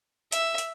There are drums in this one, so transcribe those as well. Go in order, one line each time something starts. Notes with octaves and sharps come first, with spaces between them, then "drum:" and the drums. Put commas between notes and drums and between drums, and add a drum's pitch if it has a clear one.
E5, drum: hi-hat
drum: hi-hat